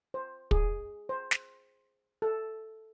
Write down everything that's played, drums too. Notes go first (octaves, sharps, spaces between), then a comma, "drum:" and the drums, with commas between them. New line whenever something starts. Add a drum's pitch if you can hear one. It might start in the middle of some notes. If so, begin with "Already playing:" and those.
C5
G#4, drum: kick
C5
drum: snare
A4